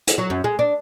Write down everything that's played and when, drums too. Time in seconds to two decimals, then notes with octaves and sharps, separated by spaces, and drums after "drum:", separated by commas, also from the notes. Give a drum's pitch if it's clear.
0.07 drum: hi-hat
0.18 F#3
0.30 F#2
0.44 G#3
0.59 D4